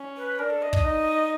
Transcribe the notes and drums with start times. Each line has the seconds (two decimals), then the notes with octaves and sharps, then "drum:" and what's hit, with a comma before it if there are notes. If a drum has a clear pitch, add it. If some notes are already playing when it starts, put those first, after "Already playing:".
Already playing: C#4
0.17 B4
0.39 D4 A#4
0.50 A4
0.62 D#5
0.73 D#5, drum: kick
0.85 D#4